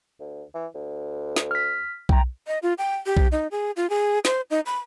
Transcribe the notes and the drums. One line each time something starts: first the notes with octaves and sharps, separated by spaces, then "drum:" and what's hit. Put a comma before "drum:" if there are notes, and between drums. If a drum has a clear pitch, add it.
D2
E3
D2
drum: snare
F6 B6
G5 A#5, drum: kick B1
D#5
F4
G5
G4
drum: kick B1
D#4
G#4
F4
G#4
C5, drum: snare
D#4
B5